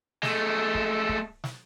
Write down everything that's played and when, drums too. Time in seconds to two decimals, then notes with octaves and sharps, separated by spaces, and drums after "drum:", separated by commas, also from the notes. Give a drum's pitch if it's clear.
0.23 G#3 A3, drum: snare
0.75 drum: kick
1.09 drum: kick
1.44 drum: snare